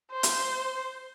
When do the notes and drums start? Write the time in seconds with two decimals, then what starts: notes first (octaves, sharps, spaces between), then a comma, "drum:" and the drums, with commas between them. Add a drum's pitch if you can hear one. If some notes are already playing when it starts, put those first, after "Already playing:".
0.11 C5
0.23 drum: hi-hat